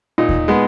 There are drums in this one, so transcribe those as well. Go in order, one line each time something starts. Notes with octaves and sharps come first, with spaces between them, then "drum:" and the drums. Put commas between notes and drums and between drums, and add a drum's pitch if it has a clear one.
A#2 D#4
drum: kick D#2
G#3 B3